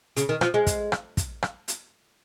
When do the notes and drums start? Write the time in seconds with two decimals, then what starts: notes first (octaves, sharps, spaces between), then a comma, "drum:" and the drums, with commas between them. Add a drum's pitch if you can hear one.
0.17 C#3, drum: hi-hat
0.29 D#3
0.41 F3, drum: rim click
0.54 G#3
0.67 drum: kick, hi-hat
0.92 drum: rim click
1.17 drum: kick, hi-hat
1.42 drum: rim click
1.68 drum: hi-hat